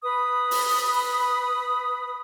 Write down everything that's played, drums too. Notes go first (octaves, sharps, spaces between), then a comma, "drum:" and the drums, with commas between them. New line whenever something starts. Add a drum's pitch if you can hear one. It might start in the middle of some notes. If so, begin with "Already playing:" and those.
B4 B5 D#6
drum: open hi-hat